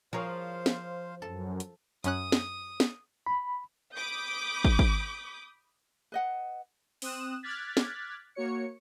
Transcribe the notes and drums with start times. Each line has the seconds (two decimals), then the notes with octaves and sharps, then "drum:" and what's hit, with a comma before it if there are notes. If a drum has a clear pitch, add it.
0.13 F3 G#4 A#4 C5 C#5 F5
0.66 drum: snare
1.22 F#2 A4
1.60 drum: hi-hat
2.04 F#2 C#4 D#6 F#6, drum: hi-hat
2.32 drum: snare
2.80 drum: snare
3.27 B5
3.93 B5 D6 D#6 G6
4.65 drum: kick
4.79 drum: kick
6.12 B4 D#5 F#5
7.02 C4 D#6 F#6 E7, drum: open hi-hat
7.42 D6 F6 F#6 G#6 A6 B6
7.77 drum: snare
8.35 A#3 F#4 C#5 C#7